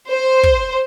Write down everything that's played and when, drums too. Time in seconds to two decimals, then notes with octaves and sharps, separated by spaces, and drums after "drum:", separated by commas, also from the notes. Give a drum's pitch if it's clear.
0.10 C5
0.43 drum: kick